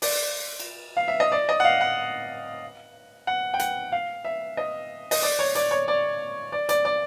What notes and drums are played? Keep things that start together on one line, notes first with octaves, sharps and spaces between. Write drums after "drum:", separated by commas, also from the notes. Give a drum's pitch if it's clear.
D5, drum: open hi-hat
drum: cymbal
F5
E5
D#5
D5
D#5
F#5
F5
F#5
F#5
G5
F#5, drum: hi-hat
F5
E5
D#5
D#5, drum: open hi-hat
D5
C#5
D5, drum: hi-hat
C#5
D5
D5
D5, drum: hi-hat
D5